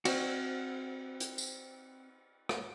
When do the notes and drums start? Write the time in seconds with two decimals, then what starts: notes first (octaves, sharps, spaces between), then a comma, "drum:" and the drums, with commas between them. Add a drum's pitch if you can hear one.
0.05 C4 F#4, drum: cymbal
1.20 drum: hi-hat
1.38 drum: tambourine
2.49 drum: rim click